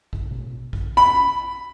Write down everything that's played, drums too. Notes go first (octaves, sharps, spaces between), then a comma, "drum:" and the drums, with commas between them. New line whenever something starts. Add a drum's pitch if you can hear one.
drum: kick A1
drum: tom B2
drum: kick A1
B5